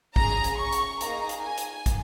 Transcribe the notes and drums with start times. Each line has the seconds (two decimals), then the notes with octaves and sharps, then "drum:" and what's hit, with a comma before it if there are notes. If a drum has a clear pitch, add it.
0.16 C#4 G#4 A#5, drum: kick
0.44 drum: hi-hat
0.58 C#6
0.73 drum: hi-hat
1.01 A#3 D#4 G#4 A#5, drum: hi-hat
1.29 drum: hi-hat
1.43 G#5
1.58 drum: hi-hat
1.86 drum: kick, hi-hat